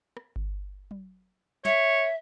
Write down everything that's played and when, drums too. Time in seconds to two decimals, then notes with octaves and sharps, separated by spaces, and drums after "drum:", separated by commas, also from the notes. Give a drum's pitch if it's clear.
0.17 drum: rim click
0.36 drum: kick G1
0.91 drum: tom F#3
1.65 C#5 E5, drum: snare